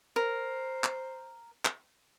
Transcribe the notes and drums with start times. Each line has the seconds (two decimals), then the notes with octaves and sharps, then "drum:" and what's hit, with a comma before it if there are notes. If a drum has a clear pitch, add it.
0.16 A#4 C5
0.84 drum: clap
1.65 drum: clap